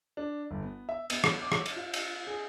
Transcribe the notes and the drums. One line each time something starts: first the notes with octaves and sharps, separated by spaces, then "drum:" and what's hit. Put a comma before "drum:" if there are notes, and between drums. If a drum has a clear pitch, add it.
D4
G1
B3
E5
B3, drum: cymbal
drum: rim click
D6
drum: rim click
drum: cymbal
F4
drum: cymbal
G#4